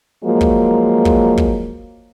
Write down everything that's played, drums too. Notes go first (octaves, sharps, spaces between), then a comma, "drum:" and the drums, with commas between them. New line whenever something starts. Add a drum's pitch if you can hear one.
F3 F#3 G#3 A#3
drum: kick
drum: kick
drum: kick